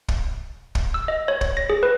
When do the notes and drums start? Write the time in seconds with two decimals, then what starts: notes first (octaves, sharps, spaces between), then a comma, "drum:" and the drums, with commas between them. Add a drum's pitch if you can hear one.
0.08 drum: kick
0.75 drum: kick
0.94 E6
1.08 D#5
1.28 C#5
1.41 C#5, drum: kick
1.57 A#6
1.70 G#4
1.83 B4